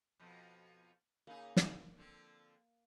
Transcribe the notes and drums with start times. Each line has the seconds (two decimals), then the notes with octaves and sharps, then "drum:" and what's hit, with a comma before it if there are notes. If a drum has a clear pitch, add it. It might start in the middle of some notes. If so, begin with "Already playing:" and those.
0.20 F2 B2 F3
1.27 C#3 A#3 D#4 G#4
1.56 drum: snare
1.97 D3 F3 C4